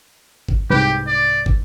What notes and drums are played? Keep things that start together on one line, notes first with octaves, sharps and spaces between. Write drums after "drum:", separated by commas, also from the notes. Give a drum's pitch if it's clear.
drum: kick
C2 G#2 G4 B4
D5
drum: kick